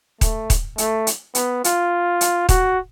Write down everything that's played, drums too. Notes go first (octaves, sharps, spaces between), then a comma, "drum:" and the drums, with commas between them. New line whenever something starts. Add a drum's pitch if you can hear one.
A3, drum: kick D#1, hi-hat
drum: kick D#1, hi-hat
A3, drum: hi-hat
drum: hi-hat
B3, drum: hi-hat
F4, drum: hi-hat
drum: hi-hat
F#4, drum: kick D#1, hi-hat